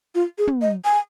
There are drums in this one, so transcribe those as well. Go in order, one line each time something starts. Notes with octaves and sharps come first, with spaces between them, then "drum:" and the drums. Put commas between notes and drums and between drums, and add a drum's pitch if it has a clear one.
F4
G#4
drum: tom
D#5
G#5